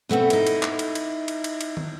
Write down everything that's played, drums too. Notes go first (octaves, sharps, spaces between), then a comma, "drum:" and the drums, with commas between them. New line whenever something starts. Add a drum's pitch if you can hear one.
B2 A3 B3 C4
D#4 E4, drum: cymbal
drum: cymbal
drum: clap
drum: cymbal
drum: cymbal
drum: cymbal
drum: cymbal
drum: cymbal
drum: tom D#3